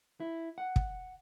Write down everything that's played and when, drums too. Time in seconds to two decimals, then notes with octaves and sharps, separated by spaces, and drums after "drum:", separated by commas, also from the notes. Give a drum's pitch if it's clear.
0.20 E4
0.58 F#5
0.76 drum: kick